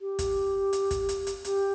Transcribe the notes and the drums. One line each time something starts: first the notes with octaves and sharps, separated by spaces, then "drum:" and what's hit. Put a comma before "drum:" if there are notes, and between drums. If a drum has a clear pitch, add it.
G4
drum: kick, hi-hat
drum: hi-hat
drum: kick, hi-hat
drum: hi-hat
drum: hi-hat
G4, drum: hi-hat